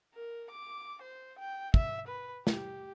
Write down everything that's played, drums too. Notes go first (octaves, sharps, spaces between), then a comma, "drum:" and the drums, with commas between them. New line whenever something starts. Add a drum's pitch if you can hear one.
A#4
D6
C5
G5
E5, drum: kick
B4
G4, drum: snare